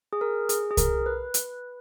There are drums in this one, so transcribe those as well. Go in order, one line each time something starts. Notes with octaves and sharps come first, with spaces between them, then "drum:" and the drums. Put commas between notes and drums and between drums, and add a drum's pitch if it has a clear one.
G#4
A#4
G#4, drum: hi-hat
G#4
A#4, drum: kick C2, hi-hat
B4
drum: hi-hat